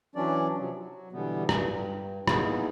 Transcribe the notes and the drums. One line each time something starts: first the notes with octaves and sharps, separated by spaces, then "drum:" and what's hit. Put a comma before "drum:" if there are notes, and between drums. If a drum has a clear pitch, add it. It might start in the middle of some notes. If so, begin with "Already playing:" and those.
E3 F#3 C#4 D4 D5
C3 F3 F#3
F#3
B2 D3 E3 G3 B3
G2, drum: rim click
A#3 B3 D#4 E4 G#4, drum: rim click